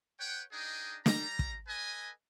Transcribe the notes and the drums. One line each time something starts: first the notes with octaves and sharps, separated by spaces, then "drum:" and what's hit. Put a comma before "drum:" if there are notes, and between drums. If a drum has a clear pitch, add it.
B4 C#5 F#5 G5
D4 D#4 G#4 D#5 G5
G3 A#5, drum: snare
drum: kick
A4 B4 D#5 G#5